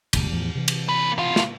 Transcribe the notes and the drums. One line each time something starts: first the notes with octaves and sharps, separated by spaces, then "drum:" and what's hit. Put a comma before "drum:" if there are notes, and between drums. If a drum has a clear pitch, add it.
D#1 C#2 F#2, drum: cymbal
E2 A2 F3
C3 E3
drum: cymbal
A#3 B4
B2 F4
drum: snare